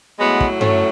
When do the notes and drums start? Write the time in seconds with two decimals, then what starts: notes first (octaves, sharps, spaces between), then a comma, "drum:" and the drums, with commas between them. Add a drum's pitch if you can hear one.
0.20 A2 F#3 G#3 B3
0.40 drum: kick
0.61 A3 C#4, drum: tom G2